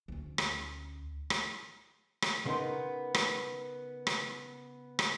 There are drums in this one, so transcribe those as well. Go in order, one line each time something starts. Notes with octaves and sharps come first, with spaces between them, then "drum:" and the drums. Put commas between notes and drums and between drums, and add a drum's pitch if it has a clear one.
D2 C#4
drum: rim click
drum: rim click
drum: rim click
C#3 B3 C4 D#4 A#4 C6
drum: rim click
drum: rim click
drum: rim click